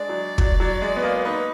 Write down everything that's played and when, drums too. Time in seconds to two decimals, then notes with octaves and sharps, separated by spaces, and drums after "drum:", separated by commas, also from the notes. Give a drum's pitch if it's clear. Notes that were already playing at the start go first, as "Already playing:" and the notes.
Already playing: G#3 D4 D5
0.09 F#3
0.38 F#3, drum: kick
0.60 F#3
0.82 G#3
0.96 B3
1.03 A#3
1.25 D#4 B4